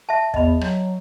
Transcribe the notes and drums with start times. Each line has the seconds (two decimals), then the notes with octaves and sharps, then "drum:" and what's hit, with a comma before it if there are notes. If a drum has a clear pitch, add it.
0.09 E5 A5
0.34 E2 D#5 B5, drum: kick
0.61 F#3, drum: rim click